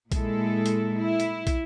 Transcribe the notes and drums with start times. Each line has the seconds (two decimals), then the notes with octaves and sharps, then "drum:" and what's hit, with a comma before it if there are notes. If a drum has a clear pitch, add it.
0.12 A#2 G#3 E4 A4, drum: kick, hi-hat
0.66 drum: hi-hat
0.98 E4
1.20 drum: hi-hat
1.47 drum: kick, hi-hat